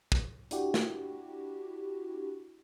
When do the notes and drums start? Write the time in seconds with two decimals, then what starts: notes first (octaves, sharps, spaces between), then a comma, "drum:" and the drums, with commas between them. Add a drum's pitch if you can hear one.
0.12 drum: kick
0.51 D4 E4 F#4 G4, drum: hi-hat
0.74 drum: snare